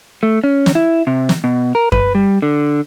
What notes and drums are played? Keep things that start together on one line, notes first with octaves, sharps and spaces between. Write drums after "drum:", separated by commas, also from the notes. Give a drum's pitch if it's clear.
A3
C#4
drum: snare
E4
C3
drum: snare
B2
A#4
B4, drum: kick F#2
G3
D3